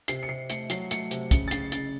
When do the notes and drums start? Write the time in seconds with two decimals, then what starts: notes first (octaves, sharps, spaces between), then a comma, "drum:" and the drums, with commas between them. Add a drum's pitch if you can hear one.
0.08 C3 C7, drum: hi-hat
0.23 C#7
0.29 C3 C7
0.50 A3 C#7, drum: hi-hat
0.70 F#3 C7, drum: hi-hat
0.91 A3 C#7, drum: hi-hat
1.11 C3, drum: hi-hat
1.31 C#3 C#7, drum: kick, hi-hat
1.48 A6
1.51 C#3 C7, drum: hi-hat
1.72 C#3 A6, drum: hi-hat